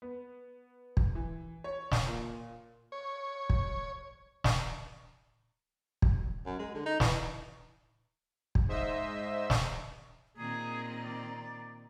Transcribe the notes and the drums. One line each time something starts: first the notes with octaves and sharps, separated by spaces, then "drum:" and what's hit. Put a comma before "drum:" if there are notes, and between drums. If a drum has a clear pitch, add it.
B3
drum: kick
E3
C#5
drum: snare
A#2
C#5
drum: kick
drum: snare
drum: kick
F#2
G#3
D3
D#4
E3, drum: snare
drum: kick
G#2 C5 D#5 E5 E6
drum: snare
A#2 D#3 C4 G#4 A#5
D5